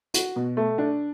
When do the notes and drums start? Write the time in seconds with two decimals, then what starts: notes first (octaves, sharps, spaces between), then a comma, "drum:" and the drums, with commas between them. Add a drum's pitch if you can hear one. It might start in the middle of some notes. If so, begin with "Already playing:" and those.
0.14 F#4, drum: hi-hat
0.36 B2
0.57 A3
0.78 D4